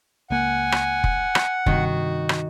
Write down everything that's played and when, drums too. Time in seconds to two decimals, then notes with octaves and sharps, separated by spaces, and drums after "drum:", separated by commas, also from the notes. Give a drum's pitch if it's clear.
0.31 C#2 A#3 F#5 G#5
0.72 drum: rim click
1.04 drum: kick F1
1.35 drum: rim click
1.66 G2 C3 D#3 F#4, drum: kick F1
2.29 drum: rim click